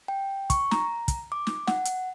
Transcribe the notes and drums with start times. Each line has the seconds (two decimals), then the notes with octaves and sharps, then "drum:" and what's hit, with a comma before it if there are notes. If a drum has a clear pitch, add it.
0.08 G5
0.50 C#6, drum: kick, hi-hat
0.71 A#5, drum: snare
1.08 drum: kick, hi-hat
1.32 D6
1.47 drum: snare
1.67 F#5, drum: snare
1.85 drum: hi-hat